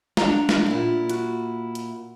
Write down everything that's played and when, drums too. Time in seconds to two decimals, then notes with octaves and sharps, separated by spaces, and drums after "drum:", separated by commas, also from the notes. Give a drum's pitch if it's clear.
0.17 D4 F#5 A#5, drum: snare
0.49 drum: snare
0.66 A#2 E4
1.09 F#4, drum: hi-hat
1.75 drum: hi-hat